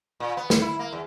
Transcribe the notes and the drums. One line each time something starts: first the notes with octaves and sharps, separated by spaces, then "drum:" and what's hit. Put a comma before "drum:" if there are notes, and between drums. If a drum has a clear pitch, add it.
A#2
B3
drum: snare
E4
A#3
E2